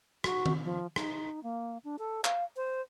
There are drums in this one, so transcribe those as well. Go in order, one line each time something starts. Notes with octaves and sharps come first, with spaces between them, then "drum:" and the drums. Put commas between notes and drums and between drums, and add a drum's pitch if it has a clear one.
F#4, drum: rim click
drum: tom D#3
F3
D#4, drum: rim click
A#3
D4
A4
F5, drum: clap
C5